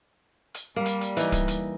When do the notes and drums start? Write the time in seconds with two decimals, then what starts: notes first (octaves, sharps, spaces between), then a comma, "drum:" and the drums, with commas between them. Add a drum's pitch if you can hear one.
0.54 drum: hi-hat
0.76 G3 A#3
0.86 drum: hi-hat
1.01 drum: hi-hat
1.17 E3 D#4, drum: hi-hat
1.32 drum: kick D1, hi-hat
1.48 drum: hi-hat